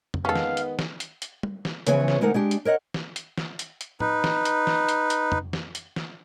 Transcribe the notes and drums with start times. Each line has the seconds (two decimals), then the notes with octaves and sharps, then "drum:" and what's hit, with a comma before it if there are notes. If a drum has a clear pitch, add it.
0.14 drum: tom
0.25 D#3 G#3 B3 C#4 A4 F5
0.36 drum: snare
0.57 drum: hi-hat
0.79 drum: snare
1.00 drum: hi-hat
1.22 drum: hi-hat
1.43 drum: tom G3
1.65 drum: snare
1.87 C#3 E3 F3 B3 G#4 C#5, drum: hi-hat
2.08 drum: snare
2.21 D2 G#3 D#4 A#4 F#5
2.34 G#3 D4 G4
2.51 drum: hi-hat
2.65 A#4 C#5 D#5 F#5
2.94 drum: snare
3.16 drum: hi-hat
3.38 drum: snare
3.59 drum: hi-hat
3.81 drum: hi-hat
4.00 D#4 B4, drum: tom A2
4.24 drum: snare
4.45 drum: hi-hat
4.67 drum: snare
4.89 drum: hi-hat
5.10 drum: hi-hat
5.32 drum: tom
5.53 drum: snare
5.75 drum: hi-hat
5.96 drum: snare